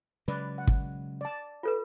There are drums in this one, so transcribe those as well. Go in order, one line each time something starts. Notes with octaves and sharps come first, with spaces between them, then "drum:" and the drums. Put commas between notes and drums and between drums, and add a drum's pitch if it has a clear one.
C#3 F#3 G#3 B4 D5
F#5
drum: kick
D5 A5
F4 A4 B4